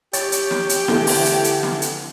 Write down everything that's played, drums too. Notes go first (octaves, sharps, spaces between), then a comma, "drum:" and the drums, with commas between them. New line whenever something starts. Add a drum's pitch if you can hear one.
G4 C#5 A6, drum: hi-hat
drum: hi-hat
drum: snare
drum: hi-hat
D3 E3 A3, drum: snare
drum: open hi-hat
drum: hi-hat
drum: hi-hat
drum: snare
drum: hi-hat